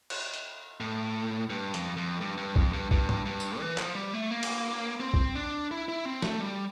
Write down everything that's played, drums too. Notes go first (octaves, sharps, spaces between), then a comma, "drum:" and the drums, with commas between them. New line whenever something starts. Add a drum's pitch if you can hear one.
drum: cymbal
drum: hi-hat
A2
G2
F2, drum: hi-hat
F2
G2
G2
F2, drum: kick B1
G2
G2, drum: kick B1
drum: tom G#2
G2
drum: tambourine
E3
F3, drum: clap
G3
A3
A#3
drum: cymbal
C4
drum: kick B1
D4
E4
E4
C4
A3, drum: snare
G3